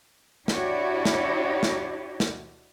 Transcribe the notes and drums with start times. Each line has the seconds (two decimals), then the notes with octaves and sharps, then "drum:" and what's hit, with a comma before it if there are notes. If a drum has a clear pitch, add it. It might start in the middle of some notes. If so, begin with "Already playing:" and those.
0.48 D4 E4 F#4 G4 C#5 D5, drum: snare
1.05 drum: snare
1.63 drum: snare
2.20 drum: snare